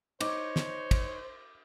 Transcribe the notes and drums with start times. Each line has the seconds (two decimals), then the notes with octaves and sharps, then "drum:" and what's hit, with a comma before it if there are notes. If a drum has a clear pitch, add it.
0.21 D#4 C5 C#5 D6, drum: cymbal
0.56 drum: snare
0.91 drum: kick, cymbal